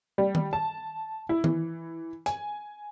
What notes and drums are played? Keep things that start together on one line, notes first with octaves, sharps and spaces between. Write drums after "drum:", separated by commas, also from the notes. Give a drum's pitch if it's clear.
G3
drum: tom D#3
A5
E4
E3, drum: tom D#3
G#5, drum: hi-hat